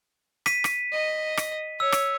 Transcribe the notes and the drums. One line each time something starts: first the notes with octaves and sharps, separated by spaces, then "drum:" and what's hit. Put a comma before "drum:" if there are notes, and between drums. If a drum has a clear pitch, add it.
B6 D#7, drum: rim click
drum: rim click
D#5
drum: rim click
C#5 E6
drum: rim click